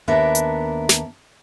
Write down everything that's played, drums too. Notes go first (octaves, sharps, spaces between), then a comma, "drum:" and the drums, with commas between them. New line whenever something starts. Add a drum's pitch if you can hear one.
D#2 B3 D4 A#4 E5
drum: hi-hat
drum: snare